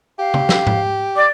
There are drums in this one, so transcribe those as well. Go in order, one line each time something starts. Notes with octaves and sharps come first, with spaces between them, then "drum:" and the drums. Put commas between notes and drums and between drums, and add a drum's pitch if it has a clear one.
G4 F5
drum: tom
drum: snare
drum: tom G#2
D5 D6